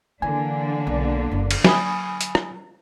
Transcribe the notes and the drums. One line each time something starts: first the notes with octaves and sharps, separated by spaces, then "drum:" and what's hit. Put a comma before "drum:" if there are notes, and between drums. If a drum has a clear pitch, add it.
D3 E3 A#3 D4 G#5
B1
F#1 E4
drum: cymbal
F#3 G#5 B5 D#6, drum: snare
drum: hi-hat
drum: rim click